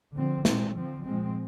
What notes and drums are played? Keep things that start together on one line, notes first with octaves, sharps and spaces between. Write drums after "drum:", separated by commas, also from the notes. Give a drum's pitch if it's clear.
D3 F3 C4
A#2 G#3 C4, drum: snare
D3 F3 C4
A#2 F3 G#3 C4